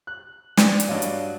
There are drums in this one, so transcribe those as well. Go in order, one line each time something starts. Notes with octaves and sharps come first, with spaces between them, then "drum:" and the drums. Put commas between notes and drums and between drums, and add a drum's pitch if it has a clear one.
F#6
E3 D5, drum: snare
drum: hi-hat
G2 F#3 D4 D#5 F5
drum: hi-hat